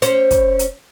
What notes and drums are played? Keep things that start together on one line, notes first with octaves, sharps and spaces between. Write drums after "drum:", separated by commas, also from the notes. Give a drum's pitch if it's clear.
C#4 C5, drum: hi-hat
drum: kick, hi-hat
drum: hi-hat